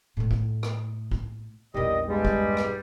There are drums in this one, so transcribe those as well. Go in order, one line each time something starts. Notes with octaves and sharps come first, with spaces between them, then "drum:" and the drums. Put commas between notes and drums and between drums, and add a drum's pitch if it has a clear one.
A2 A3
drum: kick
drum: rim click
drum: kick
A#1 E2 D#3 G3 D#5
G2 G3 G#3
drum: kick
drum: rim click